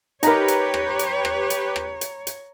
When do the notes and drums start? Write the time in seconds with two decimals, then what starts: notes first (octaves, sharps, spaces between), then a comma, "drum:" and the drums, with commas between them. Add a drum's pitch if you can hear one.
0.23 D#4 G4 A#4 B4 C#5 A#5 B5, drum: hi-hat
0.48 drum: hi-hat
0.74 drum: rim click
0.99 drum: hi-hat
1.25 drum: rim click
1.50 drum: hi-hat
1.76 drum: rim click
2.01 drum: hi-hat
2.27 drum: hi-hat